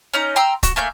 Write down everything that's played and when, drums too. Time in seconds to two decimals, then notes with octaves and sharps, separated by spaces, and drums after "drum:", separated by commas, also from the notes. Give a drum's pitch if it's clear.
0.14 C#4 D#4 A#5
0.36 G5 A#5 C6 E6
0.63 F#4, drum: kick C#1, hi-hat
0.76 A3 A#3 G#5 G6